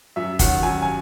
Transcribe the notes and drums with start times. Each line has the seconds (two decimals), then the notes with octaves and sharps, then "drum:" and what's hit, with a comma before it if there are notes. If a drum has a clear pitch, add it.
0.16 F#2 E5
0.39 D#3 F#3 F#5, drum: kick, hi-hat
0.63 F#2 G#5
0.82 G#5